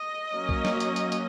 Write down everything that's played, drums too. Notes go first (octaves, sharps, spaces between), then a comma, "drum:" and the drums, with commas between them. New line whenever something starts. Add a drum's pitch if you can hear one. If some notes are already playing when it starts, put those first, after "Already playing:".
Already playing: D#5
F#3 A#3 C#4
drum: kick
drum: snare
drum: hi-hat
drum: hi-hat
drum: hi-hat